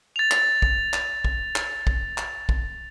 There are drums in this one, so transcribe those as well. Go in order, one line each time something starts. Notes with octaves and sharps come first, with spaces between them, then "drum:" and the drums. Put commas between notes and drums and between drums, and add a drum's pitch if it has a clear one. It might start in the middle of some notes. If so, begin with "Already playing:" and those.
A6 F7
drum: clap
drum: kick
drum: clap
drum: kick
drum: clap
drum: kick
drum: clap
drum: kick